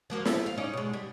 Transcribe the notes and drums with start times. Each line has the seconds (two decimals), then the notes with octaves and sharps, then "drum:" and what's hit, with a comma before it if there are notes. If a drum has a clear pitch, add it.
0.10 F3 A#3 F#4
0.25 A3, drum: snare
0.46 F5
0.57 C#4 D#4 D5
0.74 B2 G#3
0.93 G3